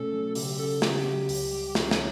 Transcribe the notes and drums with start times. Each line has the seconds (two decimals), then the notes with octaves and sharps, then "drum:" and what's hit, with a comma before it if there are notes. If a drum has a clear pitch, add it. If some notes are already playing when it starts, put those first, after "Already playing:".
Already playing: B2 A3 C#4 A4
0.13 F#3
0.35 C#3 G4, drum: open hi-hat
0.59 C#4 A4
0.82 C#3 G4, drum: snare
1.06 F#3
1.29 C#2, drum: open hi-hat
1.53 G3
1.75 C#2 C#4, drum: snare
1.91 drum: snare